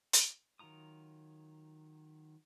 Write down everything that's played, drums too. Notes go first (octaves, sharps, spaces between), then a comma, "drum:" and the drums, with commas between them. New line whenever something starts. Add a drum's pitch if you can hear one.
drum: hi-hat
D#3 F#3 F4 A#5 D#6